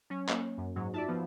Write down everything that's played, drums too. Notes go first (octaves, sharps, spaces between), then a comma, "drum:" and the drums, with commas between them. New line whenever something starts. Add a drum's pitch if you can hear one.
F#3 C#4
A#3, drum: clap
F#2
G#2 F#3
D#4 F4 F#4 D5 E5 A5
F3 B3